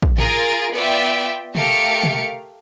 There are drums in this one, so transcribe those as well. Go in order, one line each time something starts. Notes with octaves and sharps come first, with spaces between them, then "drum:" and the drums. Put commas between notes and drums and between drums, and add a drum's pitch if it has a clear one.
drum: kick
F4 G#4 A#4 A6 D7, drum: tom
B3 F4 D5 E5 G5
A3 G4 A#4 F5 C#7 D7, drum: tom
drum: tom